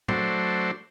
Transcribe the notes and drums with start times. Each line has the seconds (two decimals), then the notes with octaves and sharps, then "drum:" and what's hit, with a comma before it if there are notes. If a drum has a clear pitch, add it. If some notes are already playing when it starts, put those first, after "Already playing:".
0.08 F#3 A3 D4 C5, drum: tom G#2